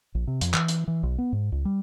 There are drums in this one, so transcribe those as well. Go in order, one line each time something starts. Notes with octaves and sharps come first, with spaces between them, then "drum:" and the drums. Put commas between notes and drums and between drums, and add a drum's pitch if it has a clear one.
A#1
C3
F2, drum: hi-hat
E3, drum: clap
drum: hi-hat
E3
B1
B3
G#2
C#2
G3